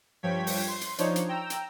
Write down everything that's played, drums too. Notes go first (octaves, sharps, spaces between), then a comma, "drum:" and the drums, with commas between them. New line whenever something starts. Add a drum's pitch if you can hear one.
G2 F3 C#5 G5 G#6 B6
drum: open hi-hat
C6
drum: hi-hat
F3 D4 D#4 C5 C#5, drum: hi-hat
drum: hi-hat
G5 A#5 E6
drum: hi-hat